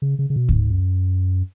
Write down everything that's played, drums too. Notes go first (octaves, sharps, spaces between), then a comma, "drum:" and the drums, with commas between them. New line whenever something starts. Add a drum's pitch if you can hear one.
C#3
C#3
C#3
B2
F#2, drum: kick C#2
G#2
F#2